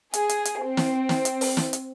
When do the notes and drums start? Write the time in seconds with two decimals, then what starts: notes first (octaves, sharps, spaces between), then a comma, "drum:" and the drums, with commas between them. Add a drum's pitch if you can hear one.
0.14 G#4, drum: hi-hat
0.29 drum: hi-hat
0.45 drum: hi-hat
0.62 C4
0.77 drum: snare
1.09 drum: snare
1.25 drum: hi-hat
1.41 drum: open hi-hat
1.57 drum: snare
1.73 drum: hi-hat